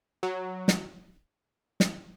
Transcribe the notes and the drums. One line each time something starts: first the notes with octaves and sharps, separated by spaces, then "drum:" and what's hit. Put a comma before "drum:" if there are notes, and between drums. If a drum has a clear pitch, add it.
F#3
drum: snare
drum: snare